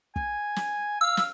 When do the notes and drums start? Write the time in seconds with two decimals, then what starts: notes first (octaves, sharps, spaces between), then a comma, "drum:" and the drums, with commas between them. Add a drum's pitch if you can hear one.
0.16 G#5, drum: kick
0.56 drum: snare
1.01 F5 E6
1.17 drum: snare